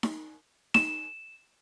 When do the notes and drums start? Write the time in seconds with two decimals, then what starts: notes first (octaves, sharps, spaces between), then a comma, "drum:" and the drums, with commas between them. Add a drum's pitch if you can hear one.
0.03 drum: snare D#4
0.74 E7, drum: snare D#4